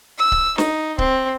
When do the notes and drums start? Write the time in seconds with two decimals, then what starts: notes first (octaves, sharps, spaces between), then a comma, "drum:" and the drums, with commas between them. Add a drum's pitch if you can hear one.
0.18 E6
0.32 drum: kick C#1
0.58 D#4, drum: snare
0.98 C4, drum: kick C#1